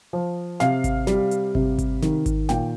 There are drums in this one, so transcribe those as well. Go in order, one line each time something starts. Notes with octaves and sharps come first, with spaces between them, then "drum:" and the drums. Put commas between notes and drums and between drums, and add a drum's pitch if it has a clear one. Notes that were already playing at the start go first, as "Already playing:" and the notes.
F3
C3 F5, drum: snare
drum: kick G#1, hi-hat
G3, drum: snare
drum: hi-hat
C3, drum: kick G#1
drum: kick G#1, hi-hat
D#3, drum: snare
drum: kick G#1, hi-hat
A#2 G5, drum: snare